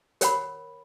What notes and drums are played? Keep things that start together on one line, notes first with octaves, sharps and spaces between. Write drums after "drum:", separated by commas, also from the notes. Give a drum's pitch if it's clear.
A#4 C#5 F#5 B5, drum: hi-hat